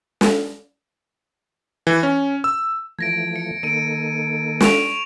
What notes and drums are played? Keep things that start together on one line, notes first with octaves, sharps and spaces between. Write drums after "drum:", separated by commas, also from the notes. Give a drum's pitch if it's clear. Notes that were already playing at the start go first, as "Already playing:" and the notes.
drum: snare
E3
C#4
E6
E3 F3 A3 G#6 A#6 D7
C#7
D#3 A#3 A4 D7 D#7
C#6 D7 F7, drum: snare